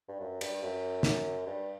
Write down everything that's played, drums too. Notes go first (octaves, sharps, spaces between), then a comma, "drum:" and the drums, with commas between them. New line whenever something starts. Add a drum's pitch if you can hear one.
G2
F#2
G2, drum: cymbal
F#2
drum: snare
G2